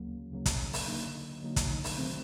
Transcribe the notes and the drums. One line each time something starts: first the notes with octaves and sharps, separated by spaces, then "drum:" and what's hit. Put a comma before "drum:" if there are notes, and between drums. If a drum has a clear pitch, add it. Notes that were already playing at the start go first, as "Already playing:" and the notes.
Already playing: D2 C#3 F#3 A#3
D2 C#3 F#3 A#3
drum: kick, hi-hat
drum: open hi-hat
D3 F#3 A#3 D#4
D3 F#3 A#3 D#4
drum: kick, hi-hat
drum: open hi-hat
C3 D#3 F#3 A3 C4